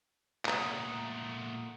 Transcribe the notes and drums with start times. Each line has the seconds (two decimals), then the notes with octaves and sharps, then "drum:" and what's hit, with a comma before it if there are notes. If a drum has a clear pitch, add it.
0.45 A#2 A3 F#5 A#5 D#6, drum: clap